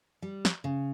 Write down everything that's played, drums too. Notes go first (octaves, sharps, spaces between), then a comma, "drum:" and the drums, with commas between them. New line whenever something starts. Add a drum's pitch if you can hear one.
G3
drum: snare
C#3